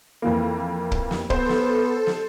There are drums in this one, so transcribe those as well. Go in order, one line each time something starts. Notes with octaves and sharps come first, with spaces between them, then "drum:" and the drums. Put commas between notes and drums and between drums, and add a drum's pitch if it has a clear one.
F2 E3 A#3
drum: kick
drum: snare
B3 A4 C5, drum: kick
drum: snare
drum: snare